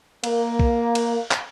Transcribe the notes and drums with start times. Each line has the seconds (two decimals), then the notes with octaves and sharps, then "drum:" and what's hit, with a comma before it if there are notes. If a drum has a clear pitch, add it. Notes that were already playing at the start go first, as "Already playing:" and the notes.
0.24 A#3, drum: cymbal
0.59 drum: kick B1
0.95 drum: cymbal
1.31 drum: clap